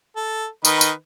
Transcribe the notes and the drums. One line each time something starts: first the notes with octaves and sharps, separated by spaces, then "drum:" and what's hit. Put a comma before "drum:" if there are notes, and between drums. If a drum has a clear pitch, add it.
A4
D#3 B4 D#5, drum: tambourine
drum: tambourine